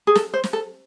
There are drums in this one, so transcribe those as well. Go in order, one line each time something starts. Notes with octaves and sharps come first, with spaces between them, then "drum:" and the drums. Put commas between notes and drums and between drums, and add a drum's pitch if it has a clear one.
G#4
A4, drum: snare
C5
drum: snare
A4